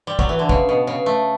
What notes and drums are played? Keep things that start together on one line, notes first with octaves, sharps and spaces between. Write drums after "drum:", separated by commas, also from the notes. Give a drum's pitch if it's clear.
G3
F#3, drum: kick
E3
D3
C#3, drum: kick
B2
C#3
A3